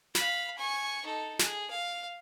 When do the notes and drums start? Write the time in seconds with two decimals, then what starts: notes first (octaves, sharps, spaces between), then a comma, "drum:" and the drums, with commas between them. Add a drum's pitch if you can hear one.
0.15 F5 B5, drum: snare
0.58 G#5 C#6
1.05 D#4 A4
1.39 G#4, drum: snare
1.71 F5